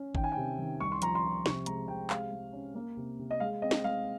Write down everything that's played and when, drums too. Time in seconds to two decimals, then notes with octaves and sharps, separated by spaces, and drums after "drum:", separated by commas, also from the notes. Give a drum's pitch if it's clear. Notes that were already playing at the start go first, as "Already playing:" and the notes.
Already playing: C#4
0.15 D#3 G5, drum: kick G#1
0.24 G#5
0.32 G5
0.37 C3
0.59 D#3
0.80 C2 C#6
0.92 C6
1.02 F3 A#5, drum: hi-hat
1.15 C6
1.24 F3
1.46 C3 C#6, drum: snare
1.66 G#3 A#5, drum: hi-hat
1.88 C3 G5
2.10 G#3 F5, drum: clap
2.32 G#3
2.53 C#4
2.75 A#3
2.97 C3
3.19 C3
3.31 D#5
3.40 G#3 F5
3.62 C4 D#5
3.71 drum: snare
3.84 G#3 F5